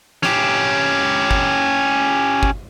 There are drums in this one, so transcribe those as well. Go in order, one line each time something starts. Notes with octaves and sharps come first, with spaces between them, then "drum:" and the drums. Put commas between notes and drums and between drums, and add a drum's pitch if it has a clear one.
C#4 G4, drum: snare
drum: kick
drum: kick